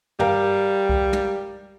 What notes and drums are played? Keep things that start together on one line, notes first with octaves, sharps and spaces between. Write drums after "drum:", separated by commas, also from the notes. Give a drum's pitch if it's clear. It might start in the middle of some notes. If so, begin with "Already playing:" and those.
G3 A#4 F5 G5, drum: tom
drum: kick C2
drum: tom